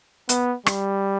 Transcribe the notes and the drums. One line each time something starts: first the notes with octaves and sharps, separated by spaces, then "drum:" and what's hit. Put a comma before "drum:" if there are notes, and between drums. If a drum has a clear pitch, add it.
B3, drum: hi-hat
G3, drum: rim click